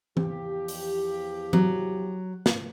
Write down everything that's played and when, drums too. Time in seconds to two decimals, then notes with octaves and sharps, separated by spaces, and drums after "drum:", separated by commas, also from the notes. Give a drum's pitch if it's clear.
0.17 E2 F3 G4, drum: tom E3
0.68 drum: open hi-hat
1.53 F#3, drum: tom E3
2.46 drum: snare